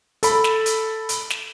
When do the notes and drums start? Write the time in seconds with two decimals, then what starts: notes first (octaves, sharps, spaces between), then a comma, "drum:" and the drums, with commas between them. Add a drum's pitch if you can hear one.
0.23 A4 B5, drum: hi-hat
0.44 drum: snare
0.66 drum: hi-hat
1.09 drum: hi-hat
1.30 drum: snare